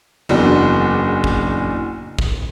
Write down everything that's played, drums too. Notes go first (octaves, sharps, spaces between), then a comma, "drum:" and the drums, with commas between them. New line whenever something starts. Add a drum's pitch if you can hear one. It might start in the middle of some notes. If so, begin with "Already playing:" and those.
F#1 E2 D4 F#4
drum: kick
drum: kick